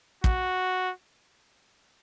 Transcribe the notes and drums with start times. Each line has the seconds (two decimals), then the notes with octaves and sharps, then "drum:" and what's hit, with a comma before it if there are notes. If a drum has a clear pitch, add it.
0.24 F#4, drum: kick